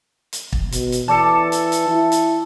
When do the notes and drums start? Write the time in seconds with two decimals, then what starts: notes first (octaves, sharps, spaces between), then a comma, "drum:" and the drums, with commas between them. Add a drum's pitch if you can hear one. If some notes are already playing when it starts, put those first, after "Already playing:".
0.33 drum: hi-hat
0.52 drum: kick
0.72 B2, drum: hi-hat
0.92 drum: hi-hat
1.08 E3 A4 D5 A5
1.52 drum: hi-hat
1.72 drum: hi-hat
1.88 E4
2.12 drum: hi-hat